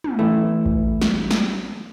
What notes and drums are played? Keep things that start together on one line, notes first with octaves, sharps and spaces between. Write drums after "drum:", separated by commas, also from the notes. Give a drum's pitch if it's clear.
drum: tom
E3 A3
drum: kick A1
drum: snare
drum: snare